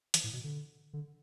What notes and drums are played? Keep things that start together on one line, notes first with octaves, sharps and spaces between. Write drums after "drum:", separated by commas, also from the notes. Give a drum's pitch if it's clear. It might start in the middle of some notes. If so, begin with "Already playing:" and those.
E3, drum: hi-hat
A2
B2
D3
D3